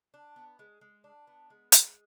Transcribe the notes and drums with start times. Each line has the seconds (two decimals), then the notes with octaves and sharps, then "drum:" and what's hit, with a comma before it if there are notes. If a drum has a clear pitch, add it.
0.14 D4
0.36 B3
0.59 G#3
0.81 G#3
1.04 D4
1.27 B3
1.50 G#3
1.72 G#3, drum: hi-hat